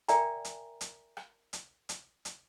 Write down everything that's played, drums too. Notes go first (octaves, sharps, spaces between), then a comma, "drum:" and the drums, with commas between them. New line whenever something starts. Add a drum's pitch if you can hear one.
A#4 D5 E5 G5 G#5 A#5, drum: hi-hat
drum: hi-hat
drum: hi-hat
drum: rim click
drum: hi-hat
drum: hi-hat
drum: hi-hat